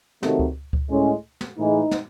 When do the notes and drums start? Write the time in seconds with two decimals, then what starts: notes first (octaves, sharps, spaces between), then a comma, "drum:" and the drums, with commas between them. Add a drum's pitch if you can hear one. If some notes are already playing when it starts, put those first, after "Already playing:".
0.23 C3 D#3 F#3 A3, drum: snare
0.39 drum: kick C#2
0.73 drum: kick C#2
0.90 A2 G#3 C#4
1.41 drum: snare
1.58 A2 E3 G#3 D#4
1.91 drum: snare